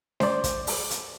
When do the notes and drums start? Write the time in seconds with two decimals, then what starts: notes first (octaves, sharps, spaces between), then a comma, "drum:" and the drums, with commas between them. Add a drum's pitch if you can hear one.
0.20 C5 D5, drum: snare C#4
0.44 drum: kick, hi-hat
0.67 drum: open hi-hat
0.90 drum: hi-hat